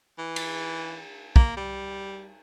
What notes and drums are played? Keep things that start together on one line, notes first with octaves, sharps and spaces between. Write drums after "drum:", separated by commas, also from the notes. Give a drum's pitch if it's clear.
E3
drum: cymbal
A#3, drum: kick
G3